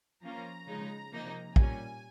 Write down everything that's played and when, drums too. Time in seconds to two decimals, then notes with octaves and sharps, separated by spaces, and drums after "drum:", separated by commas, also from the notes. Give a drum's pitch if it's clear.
0.22 F3 A#3 C#4 F4 A#5
0.67 C#3 F3 G#3 D#4
1.12 C3 F3 A#3 D#4
1.56 A#2 G3 C#4 G#5, drum: kick